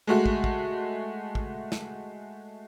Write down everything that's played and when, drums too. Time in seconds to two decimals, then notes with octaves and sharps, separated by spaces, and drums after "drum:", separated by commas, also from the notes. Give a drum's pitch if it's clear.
0.07 G#3 A3 F#4
0.26 drum: kick
0.44 drum: kick
1.35 drum: kick
1.72 drum: snare